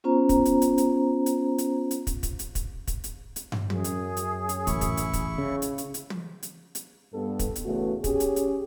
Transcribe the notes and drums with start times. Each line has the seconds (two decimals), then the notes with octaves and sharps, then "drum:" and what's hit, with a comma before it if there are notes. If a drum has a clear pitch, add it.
0.04 B3 C#4 F4 C5 A#5
0.29 drum: kick, hi-hat
0.45 drum: hi-hat
0.62 drum: hi-hat
0.78 drum: hi-hat
1.26 drum: hi-hat
1.58 drum: hi-hat
1.91 drum: hi-hat
2.07 drum: kick, hi-hat
2.23 drum: kick, hi-hat
2.39 drum: hi-hat
2.55 drum: kick, hi-hat
2.87 drum: kick, hi-hat
3.04 drum: hi-hat
3.36 drum: hi-hat
3.52 drum: tom
3.70 F#2 G#4, drum: tom
3.84 drum: hi-hat
4.17 drum: hi-hat
4.49 drum: hi-hat
4.67 A1 E4 C#6, drum: kick, hi-hat
4.81 drum: kick, hi-hat
4.97 drum: hi-hat
5.13 drum: kick, hi-hat
5.38 C#3
5.62 drum: hi-hat
5.78 drum: hi-hat
5.94 drum: hi-hat
6.10 drum: tom
6.43 drum: hi-hat
6.75 drum: hi-hat
7.14 G2 B3 A4
7.39 drum: kick, hi-hat
7.56 drum: hi-hat
7.65 E2 C#3 A3 B3 F#4
8.04 C#4 G4 G#4, drum: kick, hi-hat
8.20 drum: hi-hat
8.36 drum: hi-hat